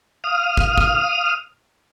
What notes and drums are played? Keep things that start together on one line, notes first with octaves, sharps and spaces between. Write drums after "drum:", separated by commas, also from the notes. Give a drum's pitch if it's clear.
F5 D#6 F6
drum: kick
drum: kick